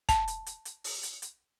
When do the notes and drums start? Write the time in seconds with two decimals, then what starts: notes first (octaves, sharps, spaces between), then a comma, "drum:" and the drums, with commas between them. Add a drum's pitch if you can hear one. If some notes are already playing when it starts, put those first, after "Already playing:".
0.09 A5, drum: kick, hi-hat
0.28 drum: hi-hat
0.46 drum: hi-hat
0.65 drum: hi-hat
0.84 drum: open hi-hat
1.03 drum: hi-hat
1.22 drum: hi-hat